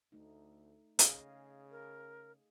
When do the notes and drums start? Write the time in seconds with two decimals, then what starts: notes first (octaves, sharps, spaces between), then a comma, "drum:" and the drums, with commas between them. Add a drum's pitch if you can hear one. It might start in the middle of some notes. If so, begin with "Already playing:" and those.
0.12 D2 A3 D#4
0.99 C#3 G#4 D#5 F5, drum: hi-hat
1.71 A#4